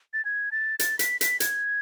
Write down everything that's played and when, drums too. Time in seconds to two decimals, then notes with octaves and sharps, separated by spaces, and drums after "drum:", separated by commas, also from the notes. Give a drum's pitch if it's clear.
0.13 A6
0.25 G#6
0.52 A6
0.79 A6, drum: hi-hat
0.99 B6, drum: hi-hat
1.21 B6, drum: hi-hat
1.40 G#6, drum: hi-hat